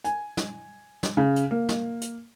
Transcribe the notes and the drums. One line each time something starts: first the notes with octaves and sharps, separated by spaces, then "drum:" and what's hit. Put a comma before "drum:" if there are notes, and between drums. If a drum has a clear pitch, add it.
G#5, drum: hi-hat
drum: snare
drum: snare
C#3
drum: hi-hat
A#3
drum: snare
drum: hi-hat